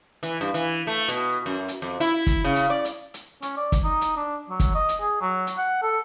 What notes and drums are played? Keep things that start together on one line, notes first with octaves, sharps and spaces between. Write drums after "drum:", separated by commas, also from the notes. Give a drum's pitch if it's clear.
E3, drum: hi-hat
G2
E3, drum: hi-hat
A3
B2, drum: hi-hat
F#2
drum: hi-hat
F2
E4, drum: hi-hat
drum: kick, hi-hat
C#3
drum: hi-hat
D5
drum: hi-hat
drum: hi-hat
C#4, drum: hi-hat
D5
drum: kick, hi-hat
D#4
drum: hi-hat
D4
F#3
drum: kick, hi-hat
D#5
drum: hi-hat
G#4
F#3
drum: hi-hat
F#5
A4